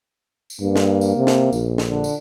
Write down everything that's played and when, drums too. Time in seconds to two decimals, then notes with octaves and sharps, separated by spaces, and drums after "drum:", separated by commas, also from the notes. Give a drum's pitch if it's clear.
0.50 drum: tambourine
0.61 G2 A#3
0.76 drum: snare
1.01 drum: tambourine
1.17 C3
1.27 drum: snare
1.53 A#1, drum: tambourine
1.78 drum: snare
1.89 D3
2.04 drum: tambourine